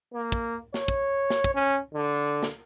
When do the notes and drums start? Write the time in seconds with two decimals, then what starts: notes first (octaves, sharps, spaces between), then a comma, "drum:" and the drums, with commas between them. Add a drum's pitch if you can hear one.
0.14 A#3
0.32 drum: kick
0.74 C#5, drum: snare
0.88 drum: kick
1.30 drum: snare
1.44 drum: kick
1.55 C#4
1.94 D3
2.43 drum: snare